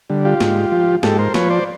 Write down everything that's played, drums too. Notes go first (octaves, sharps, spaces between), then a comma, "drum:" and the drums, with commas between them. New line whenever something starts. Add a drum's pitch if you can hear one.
D3 G3
F4 G4
G#2, drum: snare
F3
G#2 G4 A4, drum: snare
A#4 C5
F3 B4 C#5, drum: snare
C5 D5